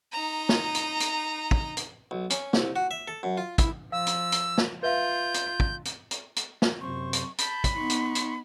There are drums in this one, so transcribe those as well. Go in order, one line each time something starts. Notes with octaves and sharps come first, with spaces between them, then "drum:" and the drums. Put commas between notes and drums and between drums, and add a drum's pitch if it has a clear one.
D#4 A#5
drum: snare
drum: hi-hat
drum: hi-hat
drum: kick
drum: hi-hat
B1
C#4, drum: hi-hat
C2, drum: snare
F#4
E5
A4
F#2
F4
E4, drum: kick, hi-hat
F3 F5 E6
drum: hi-hat
drum: hi-hat
drum: snare
F4 B4 E5 F5 G6
drum: hi-hat
drum: kick
drum: hi-hat
drum: hi-hat
drum: hi-hat
drum: snare
F#2 C3 C5 C#6
drum: hi-hat
A5 B5 G6, drum: hi-hat
drum: kick, hi-hat
B3 D#4 C6 C#6
drum: hi-hat
drum: hi-hat